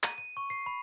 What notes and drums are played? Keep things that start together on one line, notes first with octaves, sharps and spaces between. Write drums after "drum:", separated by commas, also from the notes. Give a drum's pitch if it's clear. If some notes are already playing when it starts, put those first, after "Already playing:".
D#7, drum: clap
D#7
C#6
C7
B5